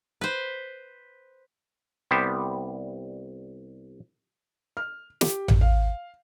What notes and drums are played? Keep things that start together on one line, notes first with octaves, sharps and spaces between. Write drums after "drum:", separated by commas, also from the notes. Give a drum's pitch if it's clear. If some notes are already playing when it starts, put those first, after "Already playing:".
B4 C5
C2 G3 B3 G4 C5
F6
G4, drum: snare
drum: tom A1
F5